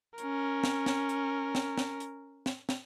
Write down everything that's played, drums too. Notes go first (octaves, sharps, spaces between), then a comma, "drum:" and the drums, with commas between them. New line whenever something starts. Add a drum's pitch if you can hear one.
C#4 A#4, drum: hi-hat
drum: snare
drum: snare
drum: hi-hat
drum: snare
drum: snare
drum: hi-hat
drum: snare
drum: snare